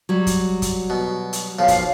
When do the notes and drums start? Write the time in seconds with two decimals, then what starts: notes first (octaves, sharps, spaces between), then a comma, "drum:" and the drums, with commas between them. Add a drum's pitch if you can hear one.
0.09 F#3 G3
0.27 drum: kick, hi-hat
0.62 drum: kick, hi-hat
0.90 B2
1.33 drum: hi-hat
1.59 B1 F3 F5
1.68 drum: kick, hi-hat